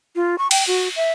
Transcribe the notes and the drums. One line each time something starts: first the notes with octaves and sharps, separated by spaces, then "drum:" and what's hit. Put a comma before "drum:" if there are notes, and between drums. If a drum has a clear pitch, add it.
F4
C#6
G5, drum: cymbal
F#4
E5